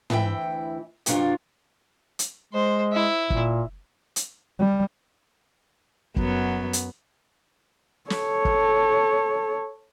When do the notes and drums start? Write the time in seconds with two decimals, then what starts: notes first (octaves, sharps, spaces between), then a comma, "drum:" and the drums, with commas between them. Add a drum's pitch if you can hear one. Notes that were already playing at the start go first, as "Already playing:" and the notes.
0.10 D2 E3 E4 G5, drum: tom
1.06 G2 C3 F#3 D4 F4, drum: hi-hat
2.19 drum: hi-hat
2.53 G#3 C5
2.93 E4
3.30 A#2, drum: kick
4.16 drum: hi-hat
4.59 G3
6.16 F#2 F#3 B3, drum: kick
6.73 drum: hi-hat
8.10 A4 C#5, drum: snare
8.45 drum: kick